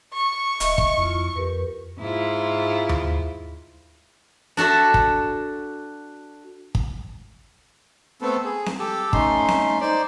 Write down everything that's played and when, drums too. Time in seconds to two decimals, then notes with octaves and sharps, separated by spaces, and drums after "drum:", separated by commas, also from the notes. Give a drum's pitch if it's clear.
0.13 C#6
0.60 D1 D#5 E5, drum: hi-hat
0.78 drum: kick
0.97 F2 E4 F4
1.35 F2 G4 A#4 B4
1.98 G#2 E4 F4
2.89 drum: tom D#2
4.57 D4 F#4 A4 E5
4.94 drum: kick
6.75 drum: kick
8.21 A3 B3 C4 A4
8.44 G#4
8.66 drum: snare C4
8.79 G4 A4
9.13 A3 C#4 D#4 C6, drum: kick
9.48 drum: snare C4
9.81 D#4 C5 D5